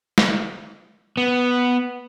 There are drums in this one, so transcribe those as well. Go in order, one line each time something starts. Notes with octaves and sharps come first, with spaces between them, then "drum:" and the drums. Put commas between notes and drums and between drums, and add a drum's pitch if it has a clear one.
drum: snare
B3